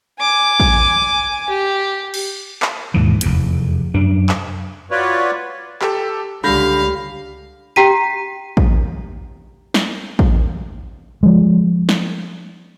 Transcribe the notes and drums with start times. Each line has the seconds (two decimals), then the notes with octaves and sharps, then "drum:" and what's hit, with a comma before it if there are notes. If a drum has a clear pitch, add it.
0.19 G#5 D6
0.60 drum: kick
1.49 G4
2.14 drum: cymbal
2.62 drum: clap
2.94 D#2 G#2 B2 E3
3.21 F1 E2, drum: hi-hat
3.94 F#2 D4
4.29 drum: clap
4.91 F4 F#4 B4 C#5 D5
5.82 G4 A4, drum: clap
6.44 C#2 D3 G3 F5 B5 G6 A#6
7.76 G4 G5 A#5 B6 D#7
8.57 drum: kick
9.74 drum: snare
10.19 drum: kick
11.23 F3 G#3
11.89 drum: snare